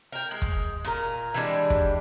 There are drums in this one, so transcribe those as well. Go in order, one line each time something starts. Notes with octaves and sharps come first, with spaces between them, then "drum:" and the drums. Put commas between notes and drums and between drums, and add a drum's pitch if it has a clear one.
A#4 G5
G#3
drum: kick
A#2 A#4
E3 G3 G#3 D4
drum: kick